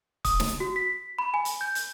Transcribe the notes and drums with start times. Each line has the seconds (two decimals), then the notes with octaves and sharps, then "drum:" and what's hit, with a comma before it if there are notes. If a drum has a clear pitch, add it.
0.25 D#6, drum: kick, hi-hat
0.40 drum: snare
0.60 F#4
0.76 B6
1.19 B5
1.34 G#5
1.45 drum: hi-hat
1.61 G6
1.75 drum: hi-hat